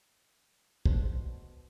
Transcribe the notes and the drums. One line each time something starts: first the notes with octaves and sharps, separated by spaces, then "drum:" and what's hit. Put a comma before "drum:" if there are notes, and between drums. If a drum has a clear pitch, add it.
B2 D3 D4 C5, drum: kick